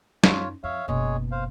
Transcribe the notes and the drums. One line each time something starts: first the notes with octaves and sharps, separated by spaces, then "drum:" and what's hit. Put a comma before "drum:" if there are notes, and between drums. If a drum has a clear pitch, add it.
F#2 D#4 F4 C#5, drum: snare
F2 C#5 E5 F5
F#1 B2 G#3 G#4 C#5
C5 F5